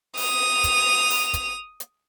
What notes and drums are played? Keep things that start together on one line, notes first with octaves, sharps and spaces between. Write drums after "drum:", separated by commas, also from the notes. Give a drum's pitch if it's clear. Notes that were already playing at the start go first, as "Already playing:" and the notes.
D#6 F7, drum: open hi-hat
drum: kick, hi-hat
drum: open hi-hat
drum: kick, hi-hat
drum: hi-hat